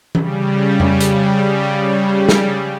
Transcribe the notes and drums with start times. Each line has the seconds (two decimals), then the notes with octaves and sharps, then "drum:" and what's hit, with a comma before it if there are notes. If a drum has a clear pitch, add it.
0.15 C#3 G3, drum: tom E3
0.80 drum: tom F2
1.00 drum: hi-hat
2.29 drum: snare